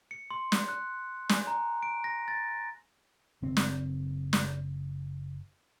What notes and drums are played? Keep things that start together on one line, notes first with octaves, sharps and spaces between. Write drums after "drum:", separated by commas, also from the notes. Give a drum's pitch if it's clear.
C#7
C6
drum: snare
F#6
G#5, drum: snare
A#5
D7
A#6
A6
F#1 C4
drum: snare
drum: snare